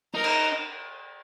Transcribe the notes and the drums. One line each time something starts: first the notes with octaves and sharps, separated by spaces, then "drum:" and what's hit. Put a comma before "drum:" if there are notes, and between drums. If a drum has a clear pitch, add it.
D#4 A#4
drum: cymbal